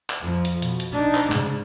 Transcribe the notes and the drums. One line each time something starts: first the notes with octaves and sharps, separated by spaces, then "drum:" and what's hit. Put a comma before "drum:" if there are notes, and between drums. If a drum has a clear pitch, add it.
drum: clap
F2 F3
drum: hi-hat
B2, drum: hi-hat
drum: hi-hat
D4 D#4
drum: clap
G#2 C#3, drum: clap